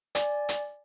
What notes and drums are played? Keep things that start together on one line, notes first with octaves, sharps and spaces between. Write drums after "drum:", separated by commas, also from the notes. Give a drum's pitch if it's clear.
D5 G#5, drum: hi-hat
drum: hi-hat